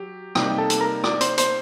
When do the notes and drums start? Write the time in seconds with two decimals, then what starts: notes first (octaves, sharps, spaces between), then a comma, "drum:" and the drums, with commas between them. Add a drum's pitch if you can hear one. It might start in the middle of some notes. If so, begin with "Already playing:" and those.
Already playing: F#3 G4
0.35 C3 G3 A#3 D#4 G4 G5, drum: rim click
0.58 A4 A5
0.70 drum: hi-hat
0.81 A#4 A#5
1.04 D5 D6, drum: rim click
1.21 C5 C6, drum: hi-hat
1.38 C5 C6, drum: hi-hat